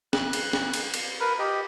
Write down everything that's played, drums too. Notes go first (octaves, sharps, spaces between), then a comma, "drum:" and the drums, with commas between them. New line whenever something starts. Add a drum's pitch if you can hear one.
F#6, drum: snare
drum: cymbal
drum: snare
drum: cymbal
drum: cymbal
A#4 B4
G4 D#5